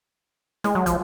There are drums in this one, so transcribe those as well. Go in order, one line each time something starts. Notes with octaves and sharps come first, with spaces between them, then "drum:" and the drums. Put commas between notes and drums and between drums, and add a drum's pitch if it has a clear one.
G#3, drum: snare
F#3
F3, drum: kick, hi-hat